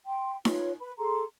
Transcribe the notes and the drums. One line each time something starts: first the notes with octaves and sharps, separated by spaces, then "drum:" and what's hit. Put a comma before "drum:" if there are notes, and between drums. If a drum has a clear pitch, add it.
G5 C6
F4 B4 C#5, drum: snare D#4
B4 B5
G#4 A4 A#5 C6